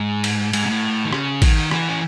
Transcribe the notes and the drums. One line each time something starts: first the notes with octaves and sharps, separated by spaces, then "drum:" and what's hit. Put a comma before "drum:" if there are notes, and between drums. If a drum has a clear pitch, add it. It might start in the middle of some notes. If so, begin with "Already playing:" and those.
Already playing: G#2
drum: cymbal
G#2, drum: cymbal
C3
A2
D#3
C#3, drum: rim click
D#3, drum: kick A1, cymbal
E3, drum: rim click
C#4